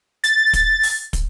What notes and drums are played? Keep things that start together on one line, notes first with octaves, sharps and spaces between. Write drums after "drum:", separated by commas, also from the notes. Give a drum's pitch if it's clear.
A6, drum: hi-hat
drum: kick, hi-hat
drum: open hi-hat
drum: kick, hi-hat